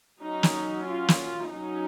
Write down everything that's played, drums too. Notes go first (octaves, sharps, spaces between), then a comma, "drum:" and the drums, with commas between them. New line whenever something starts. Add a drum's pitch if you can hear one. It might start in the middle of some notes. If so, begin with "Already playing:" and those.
F#3 C#4 D#4
drum: snare
F4
drum: snare
F#3 C#4 D#4